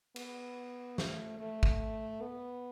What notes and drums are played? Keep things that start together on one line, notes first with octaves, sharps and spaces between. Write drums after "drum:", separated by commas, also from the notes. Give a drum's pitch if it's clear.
B3, drum: cymbal
A3, drum: snare
A3
drum: kick
B3